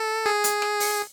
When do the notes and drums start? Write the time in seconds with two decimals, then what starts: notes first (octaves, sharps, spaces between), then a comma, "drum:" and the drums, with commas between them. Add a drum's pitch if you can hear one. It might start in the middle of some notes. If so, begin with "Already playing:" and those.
Already playing: A4
0.26 G#4
0.44 drum: hi-hat
0.62 drum: rim click
0.80 drum: open hi-hat